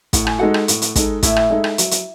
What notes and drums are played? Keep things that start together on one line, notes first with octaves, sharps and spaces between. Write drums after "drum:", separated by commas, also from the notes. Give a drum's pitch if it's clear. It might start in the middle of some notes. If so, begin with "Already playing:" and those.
A2 F#5, drum: kick, hi-hat
G#5, drum: rim click
G#3 D#4 F#4 A4 F#5
drum: rim click
A2, drum: hi-hat
drum: hi-hat
G#3 D#4 A4, drum: kick, hi-hat
A2 E4 E5, drum: kick, hi-hat
drum: rim click
G#3 D#4 A4
drum: rim click
F#3, drum: hi-hat
drum: hi-hat